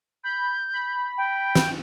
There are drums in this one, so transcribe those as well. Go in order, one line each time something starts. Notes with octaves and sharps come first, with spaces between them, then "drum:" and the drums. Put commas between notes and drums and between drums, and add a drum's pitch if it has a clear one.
B5 G6
B5
G5
drum: snare